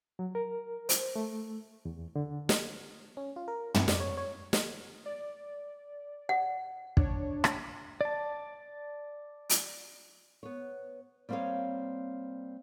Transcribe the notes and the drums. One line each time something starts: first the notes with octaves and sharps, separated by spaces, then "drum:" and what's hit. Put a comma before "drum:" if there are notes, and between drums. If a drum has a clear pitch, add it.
F#3
A#4
C5, drum: hi-hat
A3
E2
D3
drum: snare
C#4
F4
A#4
B5, drum: tom
D5, drum: snare
C#5
C#5
drum: snare
D5
F#5
D4 C#5, drum: kick
drum: rim click
D5 A5
drum: hi-hat
B3 C#5
G3 A#3 C4 G#4 C#5 F5